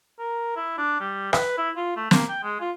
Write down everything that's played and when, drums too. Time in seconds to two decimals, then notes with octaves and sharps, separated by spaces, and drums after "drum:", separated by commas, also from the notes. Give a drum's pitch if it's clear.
0.19 A#4
0.56 E4
0.78 D4
1.00 G3
1.33 B4, drum: rim click
1.58 E4
1.77 F4
1.97 A3
2.11 A#3, drum: snare
2.29 G5
2.43 G#3
2.61 F4